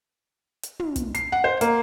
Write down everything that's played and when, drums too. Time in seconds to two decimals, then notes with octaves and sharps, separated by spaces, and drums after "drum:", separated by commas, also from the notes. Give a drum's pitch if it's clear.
0.63 drum: hi-hat
0.79 drum: tom
0.96 drum: kick, hi-hat
1.15 C7, drum: hi-hat
1.32 F#5
1.44 C5
1.61 A#3, drum: hi-hat